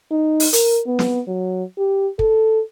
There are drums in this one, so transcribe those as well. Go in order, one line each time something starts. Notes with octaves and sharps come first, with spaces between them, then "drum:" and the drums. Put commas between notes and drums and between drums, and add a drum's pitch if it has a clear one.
D#4
drum: open hi-hat
A#4, drum: hi-hat
B3
drum: snare
F#3
G4
A4, drum: kick